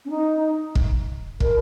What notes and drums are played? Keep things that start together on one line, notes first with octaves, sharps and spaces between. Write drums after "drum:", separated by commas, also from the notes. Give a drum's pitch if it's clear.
C#4
D#4
drum: kick
A#4, drum: kick